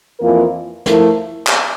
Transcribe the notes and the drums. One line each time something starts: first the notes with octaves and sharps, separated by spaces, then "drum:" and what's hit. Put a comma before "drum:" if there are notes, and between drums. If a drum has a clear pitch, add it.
F2 E3 A#3 F4 A#4
F3 A3 E4 A#4, drum: snare
drum: clap